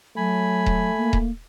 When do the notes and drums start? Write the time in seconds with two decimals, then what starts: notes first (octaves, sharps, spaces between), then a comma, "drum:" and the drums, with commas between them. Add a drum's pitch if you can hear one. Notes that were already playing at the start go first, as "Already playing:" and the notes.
0.17 F#3 A3 G#5 B5
0.66 drum: kick D#1
0.97 A#3
1.13 drum: kick D#1